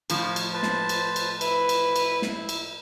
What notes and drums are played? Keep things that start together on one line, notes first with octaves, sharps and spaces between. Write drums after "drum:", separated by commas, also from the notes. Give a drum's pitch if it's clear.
A2 F3, drum: cymbal
drum: cymbal
B4 C5 A5
drum: snare
drum: cymbal
drum: cymbal
E4 B4, drum: cymbal
drum: cymbal
drum: cymbal
drum: snare
drum: cymbal